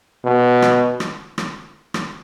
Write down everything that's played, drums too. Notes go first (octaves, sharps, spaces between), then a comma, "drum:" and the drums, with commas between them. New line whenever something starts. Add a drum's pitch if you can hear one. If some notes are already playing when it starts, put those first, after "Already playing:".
B2
drum: rim click
drum: rim click
drum: rim click
drum: rim click